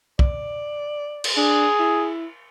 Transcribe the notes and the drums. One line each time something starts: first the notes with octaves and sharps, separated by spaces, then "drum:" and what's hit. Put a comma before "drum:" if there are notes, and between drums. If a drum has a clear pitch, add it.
D5, drum: kick
drum: cymbal
D4 G#4
E4